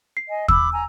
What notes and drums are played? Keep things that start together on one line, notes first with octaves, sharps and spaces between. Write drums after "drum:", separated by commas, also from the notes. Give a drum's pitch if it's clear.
C7
D#5 G#5
B5 D6 E6, drum: kick
G#5 A#5